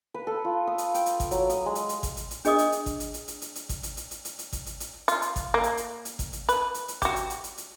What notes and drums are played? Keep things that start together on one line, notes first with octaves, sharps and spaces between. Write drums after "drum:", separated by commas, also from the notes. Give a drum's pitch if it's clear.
B4
A4
F4
D#6
drum: hi-hat
G5, drum: hi-hat
drum: hi-hat
drum: kick, hi-hat
F#3, drum: hi-hat
D#6, drum: hi-hat
G#3
drum: hi-hat
drum: hi-hat
drum: kick, hi-hat
drum: hi-hat
drum: hi-hat
D4 G#4 D#5 D6 D#6, drum: hi-hat
drum: hi-hat
drum: hi-hat
drum: kick, hi-hat
drum: hi-hat
drum: hi-hat
drum: hi-hat
drum: hi-hat
drum: hi-hat
drum: kick, hi-hat
drum: hi-hat
drum: hi-hat
drum: hi-hat
drum: hi-hat
drum: hi-hat
drum: kick, hi-hat
drum: hi-hat
drum: hi-hat
F4, drum: hi-hat
drum: hi-hat
drum: kick, hi-hat
A#3
drum: hi-hat
drum: hi-hat
drum: hi-hat
drum: kick, hi-hat
drum: hi-hat
B4, drum: hi-hat
drum: hi-hat
drum: hi-hat
F#4 G4, drum: kick, hi-hat
drum: hi-hat
drum: hi-hat
drum: hi-hat
drum: hi-hat